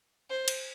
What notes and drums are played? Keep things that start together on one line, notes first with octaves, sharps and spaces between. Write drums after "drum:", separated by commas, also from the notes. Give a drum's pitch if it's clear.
C5
drum: cymbal